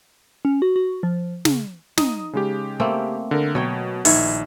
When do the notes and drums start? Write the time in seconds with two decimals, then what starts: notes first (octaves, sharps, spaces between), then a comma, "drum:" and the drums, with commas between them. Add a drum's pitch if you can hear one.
0.45 C#4
0.62 F#4
0.76 F#4
1.03 F3
1.45 C#3, drum: snare
1.98 D#4 D#6, drum: snare
2.33 C#3 G#3 G4
2.80 A3 A#3 C4
3.31 D3 A#4
3.55 B2 F#3 C#5 G5
4.05 A#1 D#3 E4 C#5, drum: open hi-hat